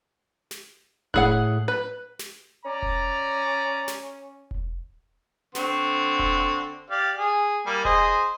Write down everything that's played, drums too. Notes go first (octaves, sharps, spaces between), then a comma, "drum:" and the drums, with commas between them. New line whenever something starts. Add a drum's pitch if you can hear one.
drum: snare
A2 E4 G#4 F#5 F#6, drum: kick E1
B4
drum: snare
C#4 D5 A#5
drum: kick E1
drum: snare
drum: kick E1
D3 C4 C#6, drum: snare
drum: kick E1
G4 D5 F5
G#4
G3 A#3
G#4 C5 D#5, drum: kick E1